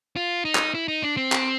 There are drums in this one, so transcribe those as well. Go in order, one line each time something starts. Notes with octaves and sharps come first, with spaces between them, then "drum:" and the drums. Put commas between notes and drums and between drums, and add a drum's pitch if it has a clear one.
F4
D#4
drum: clap
E4
D#4
D4
C4
drum: clap